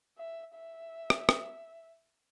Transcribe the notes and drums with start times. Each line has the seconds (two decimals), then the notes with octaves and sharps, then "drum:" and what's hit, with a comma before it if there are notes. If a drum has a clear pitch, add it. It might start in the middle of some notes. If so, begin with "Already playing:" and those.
0.18 E5
0.55 E5
1.10 drum: rim click
1.29 drum: rim click